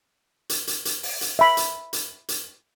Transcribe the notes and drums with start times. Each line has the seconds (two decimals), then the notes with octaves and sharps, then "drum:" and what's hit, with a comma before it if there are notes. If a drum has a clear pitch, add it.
0.49 drum: hi-hat
0.67 drum: hi-hat
0.85 drum: hi-hat
1.03 drum: open hi-hat
1.21 drum: hi-hat
1.39 E5 B5
1.57 drum: hi-hat
1.93 drum: hi-hat
2.29 drum: hi-hat